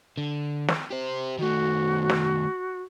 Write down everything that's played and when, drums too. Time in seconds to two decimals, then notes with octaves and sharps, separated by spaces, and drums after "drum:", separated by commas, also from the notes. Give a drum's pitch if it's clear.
0.17 D3
0.68 drum: snare
0.91 G4 C5
1.39 D#3 A3 F#4
2.10 drum: snare